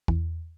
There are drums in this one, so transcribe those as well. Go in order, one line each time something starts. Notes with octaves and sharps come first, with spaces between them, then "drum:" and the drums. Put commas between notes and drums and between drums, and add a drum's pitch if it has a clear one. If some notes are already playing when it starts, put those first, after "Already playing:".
E2, drum: kick